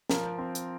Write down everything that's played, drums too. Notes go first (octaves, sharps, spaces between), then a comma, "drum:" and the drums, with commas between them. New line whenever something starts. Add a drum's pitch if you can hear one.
F3 A#4, drum: snare
C4
drum: hi-hat